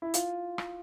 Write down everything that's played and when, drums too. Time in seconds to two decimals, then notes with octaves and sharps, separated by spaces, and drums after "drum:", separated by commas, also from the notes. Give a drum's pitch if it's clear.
0.02 E4
0.14 F4, drum: hi-hat
0.58 drum: rim click